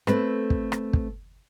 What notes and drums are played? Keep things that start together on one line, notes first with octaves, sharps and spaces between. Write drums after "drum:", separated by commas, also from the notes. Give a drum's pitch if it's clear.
A3 C4 B4, drum: rim click
drum: kick
drum: rim click
drum: kick